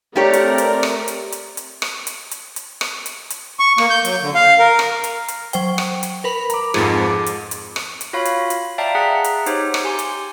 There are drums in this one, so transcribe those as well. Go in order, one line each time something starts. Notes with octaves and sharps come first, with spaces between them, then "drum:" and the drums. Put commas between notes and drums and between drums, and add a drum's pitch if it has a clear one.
A3 C4 G4 A#4 C#5 D5
drum: hi-hat
drum: hi-hat
drum: rim click
drum: hi-hat
drum: hi-hat
drum: hi-hat
drum: rim click
drum: hi-hat
drum: hi-hat
drum: hi-hat
drum: rim click
drum: hi-hat
drum: hi-hat
C#6
A#3, drum: rim click
G6
F#3, drum: hi-hat
D3
F5
A#4
drum: rim click
drum: hi-hat
drum: hi-hat
F#3 C5 G5, drum: hi-hat
drum: rim click
drum: hi-hat
A#4 B4 B5
A#5 D6, drum: hi-hat
F2 G#2 F3 G#4 A6, drum: rim click
D6
drum: hi-hat
drum: hi-hat
drum: rim click
drum: hi-hat
F4 F#4 C#5 F5 B5
drum: hi-hat
drum: hi-hat
D5 E5 F5 G5 A5 A#5
G#4 F#5 A#5 F#6 B6
drum: hi-hat
D#4 G4 C5 C#5, drum: hi-hat
drum: rim click
G4 G#5 C6
drum: hi-hat